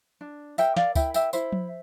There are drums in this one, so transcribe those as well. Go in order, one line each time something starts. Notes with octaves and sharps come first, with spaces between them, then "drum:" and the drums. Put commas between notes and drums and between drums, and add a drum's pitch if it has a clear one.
D4
A#4 E5 G5, drum: tambourine
D5 F5, drum: snare
E4 E5 G5, drum: kick, tambourine
E5 G5, drum: tambourine
E4 C5 E5, drum: tambourine
drum: tom F3